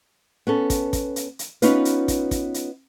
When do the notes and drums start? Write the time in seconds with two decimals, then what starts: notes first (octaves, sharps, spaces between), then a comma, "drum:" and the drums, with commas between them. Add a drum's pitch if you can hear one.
0.47 B3 C#4 A4
0.70 drum: kick, hi-hat
0.93 drum: kick, hi-hat
1.16 drum: hi-hat
1.39 drum: hi-hat
1.62 B3 C#4 D#4 F4 B4, drum: hi-hat
1.85 drum: hi-hat
2.08 drum: kick, hi-hat
2.31 drum: kick, hi-hat
2.54 drum: hi-hat